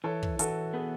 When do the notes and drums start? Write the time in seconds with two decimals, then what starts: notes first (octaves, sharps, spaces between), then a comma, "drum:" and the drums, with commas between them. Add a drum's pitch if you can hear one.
0.04 E3 A4 C#5
0.23 drum: kick
0.39 E3 F#4 A4, drum: hi-hat
0.74 B3 G#4 B4